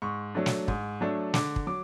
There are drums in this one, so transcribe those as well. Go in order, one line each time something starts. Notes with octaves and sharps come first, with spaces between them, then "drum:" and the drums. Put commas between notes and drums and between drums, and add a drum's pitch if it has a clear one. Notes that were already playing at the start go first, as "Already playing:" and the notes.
G#2 C#6
F#3 A3 D4
drum: snare
G#2, drum: kick
F#3 A3 D4
D3 D6, drum: snare
drum: kick
F#3 D6